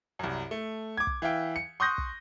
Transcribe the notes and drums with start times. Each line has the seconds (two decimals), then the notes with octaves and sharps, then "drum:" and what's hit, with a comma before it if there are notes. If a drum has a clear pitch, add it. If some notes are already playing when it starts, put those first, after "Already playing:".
0.19 C2 F#2
0.51 A3
0.97 D6 G#6
1.07 drum: kick
1.22 E3 E5 F5 G5
1.56 C#7
1.80 C6 C#6 D#6 F#6 G6 A#6
1.98 drum: kick